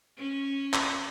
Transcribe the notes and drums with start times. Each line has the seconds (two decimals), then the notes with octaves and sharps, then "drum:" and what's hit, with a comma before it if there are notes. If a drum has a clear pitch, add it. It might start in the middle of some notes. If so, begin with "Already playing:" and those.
0.18 C#4
0.74 drum: clap